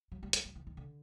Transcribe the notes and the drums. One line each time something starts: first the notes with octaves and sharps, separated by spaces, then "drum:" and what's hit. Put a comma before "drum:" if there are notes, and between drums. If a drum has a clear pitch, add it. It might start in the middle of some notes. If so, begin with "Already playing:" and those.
F#3
G3
G3, drum: hi-hat
F#3
E3
D#3
D3